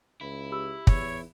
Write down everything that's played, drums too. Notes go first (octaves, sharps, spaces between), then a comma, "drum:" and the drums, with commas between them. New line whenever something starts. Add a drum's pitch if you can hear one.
C#2 E4
G4 B5 E6
E2 C#5, drum: kick